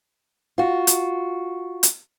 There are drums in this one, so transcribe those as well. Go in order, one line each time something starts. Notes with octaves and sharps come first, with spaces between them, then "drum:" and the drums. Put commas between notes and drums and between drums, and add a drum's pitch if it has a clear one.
F4 F#4
drum: hi-hat
drum: hi-hat